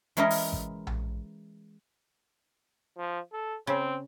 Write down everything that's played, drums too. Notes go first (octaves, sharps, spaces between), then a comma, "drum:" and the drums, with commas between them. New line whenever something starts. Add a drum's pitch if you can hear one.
E3 G#3 C#4 E4 A#4 D#5, drum: hi-hat
drum: open hi-hat
drum: kick G#1
drum: tom A#1
F3
A4
C#3 C4